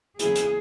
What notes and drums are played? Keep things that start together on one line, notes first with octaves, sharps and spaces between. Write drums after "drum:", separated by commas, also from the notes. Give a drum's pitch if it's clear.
E2 C#3 F#3 A#3 E4 G#4, drum: hi-hat
drum: hi-hat